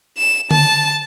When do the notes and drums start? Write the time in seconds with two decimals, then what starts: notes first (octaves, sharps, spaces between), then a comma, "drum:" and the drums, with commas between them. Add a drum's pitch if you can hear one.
0.18 E7
0.51 A5, drum: tom D3